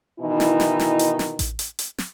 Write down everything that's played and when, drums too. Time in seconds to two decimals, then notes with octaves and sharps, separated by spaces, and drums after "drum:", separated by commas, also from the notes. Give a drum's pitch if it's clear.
0.20 B2 D#3 E3 D#4 E4
0.40 drum: snare
0.60 drum: snare
0.79 drum: snare
0.99 drum: hi-hat
1.19 drum: snare
1.39 drum: kick A1, hi-hat
1.59 drum: hi-hat
1.79 drum: hi-hat
1.98 drum: snare